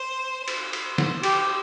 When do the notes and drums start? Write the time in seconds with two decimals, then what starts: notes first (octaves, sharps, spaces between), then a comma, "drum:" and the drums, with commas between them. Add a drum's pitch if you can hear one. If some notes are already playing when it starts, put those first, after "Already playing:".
Already playing: C5
0.48 C5, drum: cymbal
0.73 drum: cymbal
0.98 drum: snare
1.23 G4, drum: cymbal